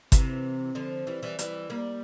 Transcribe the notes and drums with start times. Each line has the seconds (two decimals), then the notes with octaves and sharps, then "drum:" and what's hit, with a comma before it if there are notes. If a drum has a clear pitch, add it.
0.12 C3 E3, drum: kick G1, hi-hat
0.75 D3 F3
1.07 E3 G3
1.23 E3 G3
1.39 E3 G3, drum: hi-hat
1.70 G3 A#3